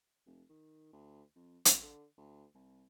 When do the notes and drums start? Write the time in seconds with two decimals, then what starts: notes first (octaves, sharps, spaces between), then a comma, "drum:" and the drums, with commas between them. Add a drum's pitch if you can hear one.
0.26 F1
0.49 D#3
0.93 D2
1.36 F2
1.65 C#2, drum: hi-hat
1.83 D3
2.18 D2
2.54 C2